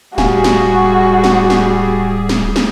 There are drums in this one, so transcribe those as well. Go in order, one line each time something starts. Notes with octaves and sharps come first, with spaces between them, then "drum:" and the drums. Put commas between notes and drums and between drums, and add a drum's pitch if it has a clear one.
D1 G3 F#4 G#4 F5 G#5, drum: snare
drum: snare
drum: snare
drum: snare
drum: snare
drum: snare